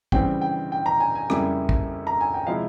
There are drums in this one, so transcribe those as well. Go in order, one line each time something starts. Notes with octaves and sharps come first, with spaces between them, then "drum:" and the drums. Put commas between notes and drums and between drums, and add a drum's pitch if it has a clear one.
C#3 E3 G3 C4 G5, drum: kick
G5
G5
A#5
G#5
G#5
F2 C#3 G3 A#3 E4, drum: rim click
drum: kick
A#5
G#5
G5
C3 F3 G#3 E4 F5